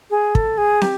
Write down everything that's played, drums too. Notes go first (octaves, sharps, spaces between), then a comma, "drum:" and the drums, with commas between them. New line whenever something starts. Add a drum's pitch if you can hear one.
G#4
A4, drum: kick
G#4
G4, drum: snare